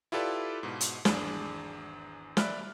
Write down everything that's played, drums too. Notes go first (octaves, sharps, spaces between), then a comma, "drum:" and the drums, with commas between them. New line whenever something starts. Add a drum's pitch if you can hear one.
E4 F4 G4 A4 B4 D5
G#2 B2
drum: hi-hat
G#1 E2 D4 G#4, drum: snare
D5 E5 B5 F6 F#6, drum: snare